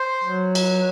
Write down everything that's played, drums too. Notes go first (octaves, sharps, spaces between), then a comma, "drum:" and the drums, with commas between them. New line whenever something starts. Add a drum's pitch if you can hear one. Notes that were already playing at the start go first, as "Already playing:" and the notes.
Already playing: C5
F#3
drum: cymbal